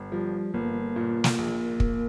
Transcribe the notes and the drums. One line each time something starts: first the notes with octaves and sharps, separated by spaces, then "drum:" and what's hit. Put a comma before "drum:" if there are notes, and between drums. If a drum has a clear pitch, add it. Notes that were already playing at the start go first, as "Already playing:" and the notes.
Already playing: G1
F3 G3
G1 A#3
A#2
drum: snare
A#1
drum: kick